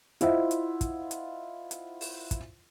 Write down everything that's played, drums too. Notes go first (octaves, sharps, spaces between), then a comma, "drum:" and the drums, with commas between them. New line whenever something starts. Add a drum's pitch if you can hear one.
E4 F4 C5 D#5 E5 F#5, drum: hi-hat
drum: hi-hat
drum: kick, hi-hat
drum: hi-hat
drum: hi-hat
drum: open hi-hat
drum: kick, hi-hat